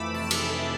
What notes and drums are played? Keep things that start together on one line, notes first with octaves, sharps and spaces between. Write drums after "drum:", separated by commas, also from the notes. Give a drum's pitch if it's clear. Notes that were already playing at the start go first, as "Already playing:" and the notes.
Already playing: F2 E3 A3 B5 D6 E6
C3 A5
B5
A5, drum: cymbal